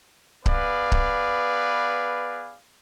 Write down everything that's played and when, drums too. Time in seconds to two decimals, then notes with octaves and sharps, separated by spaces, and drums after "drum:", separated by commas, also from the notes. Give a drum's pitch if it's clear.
0.46 B3 G#4 B4 D5 F5, drum: kick C#1
0.92 drum: kick C#1